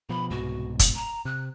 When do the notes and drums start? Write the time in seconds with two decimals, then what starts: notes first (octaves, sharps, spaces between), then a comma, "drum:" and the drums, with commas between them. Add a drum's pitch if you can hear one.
0.09 B2 F3 B5
0.30 C2 G#2 B2 F#4
0.79 drum: kick, hi-hat
0.95 A#5
1.25 C3 F#6